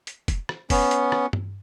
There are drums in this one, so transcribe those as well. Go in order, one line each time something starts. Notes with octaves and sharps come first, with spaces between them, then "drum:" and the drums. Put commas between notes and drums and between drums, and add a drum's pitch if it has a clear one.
drum: hi-hat
drum: kick, hi-hat
drum: rim click
B3 C#4, drum: kick, open hi-hat
drum: hi-hat
drum: rim click
drum: tom G2